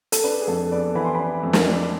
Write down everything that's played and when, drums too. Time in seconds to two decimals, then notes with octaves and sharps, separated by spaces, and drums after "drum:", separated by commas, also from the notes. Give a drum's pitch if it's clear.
0.12 A4, drum: hi-hat
0.24 D4 B4
0.41 G#4
0.48 F2 A4
0.72 B3 D5
0.95 E3 B5
1.05 C6
1.15 D4 B5
1.43 F2
1.53 drum: snare
1.67 D4